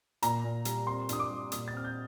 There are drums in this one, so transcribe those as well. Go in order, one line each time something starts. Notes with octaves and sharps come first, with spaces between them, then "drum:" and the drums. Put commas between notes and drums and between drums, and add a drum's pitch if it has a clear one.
A#2 A#5, drum: hi-hat
A#2
G3, drum: hi-hat
C4 C6
G2 D#6, drum: hi-hat
D6
G3
A#2 D#6, drum: hi-hat
A6
C4 F6
G6